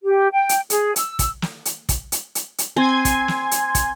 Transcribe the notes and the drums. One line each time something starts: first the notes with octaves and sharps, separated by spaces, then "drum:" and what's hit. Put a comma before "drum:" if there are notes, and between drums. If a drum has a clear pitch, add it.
G4
G5
drum: hi-hat
G#4, drum: hi-hat
E6, drum: hi-hat
drum: kick, hi-hat
drum: snare
drum: hi-hat
drum: kick, hi-hat
drum: hi-hat
drum: hi-hat
drum: hi-hat
C4 G#5 C6 G#6
drum: kick, hi-hat
drum: snare
drum: hi-hat
drum: kick, hi-hat